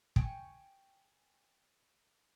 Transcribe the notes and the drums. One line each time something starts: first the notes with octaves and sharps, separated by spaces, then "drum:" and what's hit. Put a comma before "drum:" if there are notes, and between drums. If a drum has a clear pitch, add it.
G5 G#5 C#6, drum: kick